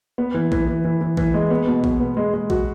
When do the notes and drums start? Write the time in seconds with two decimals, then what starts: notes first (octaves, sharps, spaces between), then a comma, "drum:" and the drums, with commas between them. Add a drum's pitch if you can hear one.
0.18 B3
0.34 E3
0.52 E3, drum: kick A#1
0.68 E3
0.85 E3
1.01 E3
1.17 E3, drum: kick A#1
1.34 G#3
1.50 B3
1.67 B2
1.84 B2, drum: kick A#1
2.00 B3
2.17 G#3
2.34 G#3
2.50 F#4, drum: kick A#1